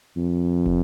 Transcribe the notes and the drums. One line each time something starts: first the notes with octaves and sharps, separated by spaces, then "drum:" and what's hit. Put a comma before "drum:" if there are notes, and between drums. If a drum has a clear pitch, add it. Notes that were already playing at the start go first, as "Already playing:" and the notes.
F2
drum: kick